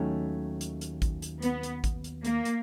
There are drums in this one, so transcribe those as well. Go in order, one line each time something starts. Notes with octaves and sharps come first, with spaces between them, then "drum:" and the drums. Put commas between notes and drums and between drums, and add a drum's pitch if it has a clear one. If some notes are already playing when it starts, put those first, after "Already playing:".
Already playing: D#2 D#3 F#3 A3 C#4
drum: hi-hat
drum: hi-hat
drum: kick A1, hi-hat
drum: hi-hat
B3, drum: hi-hat
drum: hi-hat
drum: kick A1, hi-hat
drum: hi-hat
A#3, drum: hi-hat
drum: hi-hat